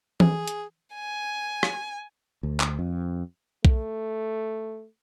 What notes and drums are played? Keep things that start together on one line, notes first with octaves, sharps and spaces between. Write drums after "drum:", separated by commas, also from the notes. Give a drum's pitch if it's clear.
G#4, drum: tom E3
drum: hi-hat
G#5
drum: rim click
D2
drum: clap
F2
A3, drum: kick B1